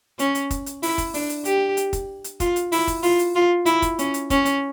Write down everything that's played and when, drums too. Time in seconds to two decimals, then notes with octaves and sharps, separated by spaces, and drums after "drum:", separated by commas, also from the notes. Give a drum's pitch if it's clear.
0.19 C#4, drum: hi-hat
0.35 drum: hi-hat
0.51 drum: kick, hi-hat
0.66 drum: hi-hat
0.83 E4, drum: open hi-hat
0.98 drum: kick, hi-hat
1.14 D4, drum: open hi-hat
1.30 drum: hi-hat
1.45 G4, drum: hi-hat
1.77 drum: hi-hat
1.93 drum: kick, hi-hat
2.24 drum: hi-hat
2.40 F4, drum: kick, hi-hat
2.56 drum: hi-hat
2.72 E4, drum: open hi-hat
2.87 drum: kick, hi-hat
3.03 F4, drum: open hi-hat
3.19 drum: hi-hat
3.35 F4
3.66 E4, drum: hi-hat
3.82 drum: kick, hi-hat
3.99 C#4, drum: hi-hat
4.14 drum: hi-hat
4.30 C#4, drum: kick, hi-hat
4.45 drum: hi-hat